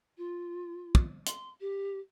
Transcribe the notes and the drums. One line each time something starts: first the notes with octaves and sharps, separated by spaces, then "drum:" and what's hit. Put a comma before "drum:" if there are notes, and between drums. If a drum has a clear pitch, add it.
F4
drum: kick
C6, drum: hi-hat
G4